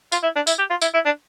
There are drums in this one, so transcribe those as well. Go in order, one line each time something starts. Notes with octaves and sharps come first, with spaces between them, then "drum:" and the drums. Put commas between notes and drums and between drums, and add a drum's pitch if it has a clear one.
F4, drum: tambourine
E4
D4
E4, drum: tambourine
G4
F4
E4, drum: tambourine
E4
D4